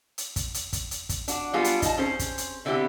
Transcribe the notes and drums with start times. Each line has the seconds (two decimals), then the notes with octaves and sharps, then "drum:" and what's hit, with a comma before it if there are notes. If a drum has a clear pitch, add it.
0.18 drum: hi-hat
0.36 drum: kick, hi-hat
0.54 drum: hi-hat
0.73 drum: kick, hi-hat
0.91 drum: hi-hat
1.09 drum: kick, hi-hat
1.28 D4 F#4, drum: hi-hat
1.53 F#3 G3 B3 D4 F4 G#4
1.64 drum: hi-hat
1.82 D#4 A5, drum: kick, hi-hat
1.97 C4 C#4 G#4 C5
2.19 drum: kick, hi-hat
2.38 drum: hi-hat
2.65 B2 D3 C4 E4 G4